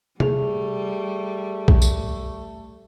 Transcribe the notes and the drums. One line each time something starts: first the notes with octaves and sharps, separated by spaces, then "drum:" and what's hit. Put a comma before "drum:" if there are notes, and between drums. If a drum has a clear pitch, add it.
G3 A3 G#4 F7, drum: tom C3
drum: kick A#1
drum: tambourine